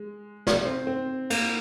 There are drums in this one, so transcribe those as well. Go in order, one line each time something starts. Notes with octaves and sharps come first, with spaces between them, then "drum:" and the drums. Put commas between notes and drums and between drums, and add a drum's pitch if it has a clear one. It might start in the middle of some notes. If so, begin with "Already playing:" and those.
Already playing: G#3
drum: snare
C4
C4
A#3, drum: cymbal